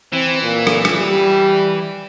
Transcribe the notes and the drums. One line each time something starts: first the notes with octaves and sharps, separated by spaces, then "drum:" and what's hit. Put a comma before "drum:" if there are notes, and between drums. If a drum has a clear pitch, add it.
E3 C4
A#2
drum: rim click
drum: rim click
G3